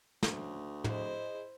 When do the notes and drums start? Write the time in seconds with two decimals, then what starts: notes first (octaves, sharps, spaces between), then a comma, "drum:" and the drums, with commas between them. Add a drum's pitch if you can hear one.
0.23 D2 A2 C#3, drum: snare
0.84 E4 G#4 C5 D#5, drum: tom